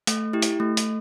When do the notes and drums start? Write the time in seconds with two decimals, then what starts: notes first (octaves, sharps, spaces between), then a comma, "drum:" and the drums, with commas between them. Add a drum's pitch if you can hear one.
0.07 A3, drum: hi-hat
0.33 E4 G4
0.42 drum: hi-hat
0.60 A3
0.77 drum: hi-hat